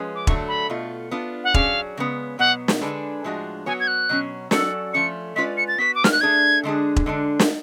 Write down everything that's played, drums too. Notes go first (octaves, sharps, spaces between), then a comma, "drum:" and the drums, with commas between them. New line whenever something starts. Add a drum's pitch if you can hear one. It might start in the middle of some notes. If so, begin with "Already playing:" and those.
Already playing: F3 G#3 C#4 G#4 B4
D6
D3 F#3 A3 D4 C#6, drum: kick E1
B5
B2 A3 F4
B3 D4 F4
F#5
F#3 C#4 G#4 D5 F5, drum: kick E1
C#3 G#3 B3
B2 F#3 B3 F#5
drum: snare
D3 G#3 D4 G#4 B4
A2 F3 G#3 D4 F#4
F#3 B3 F#4 C#5 G#5
G#6
F#6
B2 F#3 C#4
F#3 C#4 F#4 A4 D5, drum: snare
F3 A3 C#4 C#7
G#3 C#4 F4 B4 D5 B6
C#7
A6
B3 F#4 B4 B6
D6
F6, drum: snare
F#6
A3 D4 G#4 D5 G#6
D3 G#3 D4 G#4
drum: kick E1
D3 G#3 D4
drum: snare